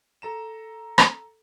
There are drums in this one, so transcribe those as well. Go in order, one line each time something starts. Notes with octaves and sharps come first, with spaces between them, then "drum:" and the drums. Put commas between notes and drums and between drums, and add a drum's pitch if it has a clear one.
A4 A#5 E7
drum: rim click